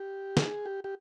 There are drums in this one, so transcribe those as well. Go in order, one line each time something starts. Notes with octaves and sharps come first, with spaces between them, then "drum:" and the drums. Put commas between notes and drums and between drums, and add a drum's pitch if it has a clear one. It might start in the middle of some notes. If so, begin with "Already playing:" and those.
Already playing: G4
G#4, drum: snare
G4
G4